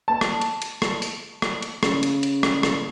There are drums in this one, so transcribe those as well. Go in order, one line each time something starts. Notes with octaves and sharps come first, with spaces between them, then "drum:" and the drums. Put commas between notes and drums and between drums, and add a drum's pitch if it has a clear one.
A5
drum: rim click
drum: hi-hat
drum: hi-hat
drum: rim click
drum: open hi-hat
drum: rim click
drum: hi-hat
C#3, drum: rim click
drum: hi-hat
drum: hi-hat
drum: rim click
drum: rim click